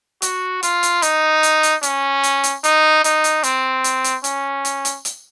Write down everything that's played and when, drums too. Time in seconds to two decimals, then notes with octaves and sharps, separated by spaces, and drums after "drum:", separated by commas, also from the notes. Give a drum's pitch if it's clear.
0.22 F#4, drum: hi-hat
0.63 F4, drum: hi-hat
0.83 drum: hi-hat
1.02 D#4, drum: hi-hat
1.43 drum: hi-hat
1.63 drum: hi-hat
1.83 C#4, drum: hi-hat
2.23 drum: hi-hat
2.44 drum: hi-hat
2.64 D#4, drum: hi-hat
3.04 D#4, drum: hi-hat
3.24 drum: hi-hat
3.43 C4, drum: hi-hat
3.84 drum: hi-hat
4.04 drum: hi-hat
4.24 C#4, drum: hi-hat
4.65 drum: hi-hat
4.85 drum: hi-hat
5.05 drum: hi-hat